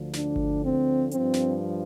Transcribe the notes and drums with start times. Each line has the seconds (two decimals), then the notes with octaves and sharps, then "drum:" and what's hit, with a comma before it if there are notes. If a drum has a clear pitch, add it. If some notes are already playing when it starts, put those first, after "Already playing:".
Already playing: D2 D3 F3
0.13 D4, drum: snare
0.36 drum: kick G1
0.63 C4
1.11 G2 F3 C4, drum: hi-hat
1.34 drum: snare